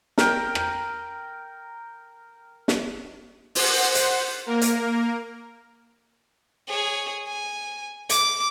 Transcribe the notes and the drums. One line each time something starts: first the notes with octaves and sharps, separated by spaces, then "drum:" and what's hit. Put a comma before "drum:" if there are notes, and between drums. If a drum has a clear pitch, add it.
A#4 G5, drum: snare
drum: rim click
drum: snare
C5 F#5, drum: open hi-hat
drum: hi-hat
A#3 A#4
drum: hi-hat
G#4 C#5
G#5
D6, drum: hi-hat